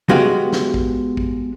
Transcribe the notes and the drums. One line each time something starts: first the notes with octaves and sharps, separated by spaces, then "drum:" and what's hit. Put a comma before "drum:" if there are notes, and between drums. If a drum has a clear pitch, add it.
G#3 B3 F#4 G4 F5
drum: snare
drum: kick A1
drum: kick A1